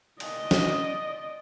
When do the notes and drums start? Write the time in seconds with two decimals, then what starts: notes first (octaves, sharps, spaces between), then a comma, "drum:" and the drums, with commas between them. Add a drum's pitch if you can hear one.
0.20 D5 D#5, drum: cymbal
0.51 drum: snare